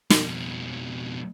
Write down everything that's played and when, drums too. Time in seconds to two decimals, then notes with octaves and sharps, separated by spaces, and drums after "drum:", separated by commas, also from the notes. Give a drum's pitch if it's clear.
0.10 F2 B2, drum: snare